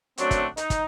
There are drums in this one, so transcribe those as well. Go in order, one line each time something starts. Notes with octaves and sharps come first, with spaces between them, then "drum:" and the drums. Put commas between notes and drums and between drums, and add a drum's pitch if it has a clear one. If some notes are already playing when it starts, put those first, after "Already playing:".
F#2 F#3 A3 C4 D4 F#4, drum: hi-hat
drum: kick, hi-hat
D#4, drum: hi-hat
drum: kick, hi-hat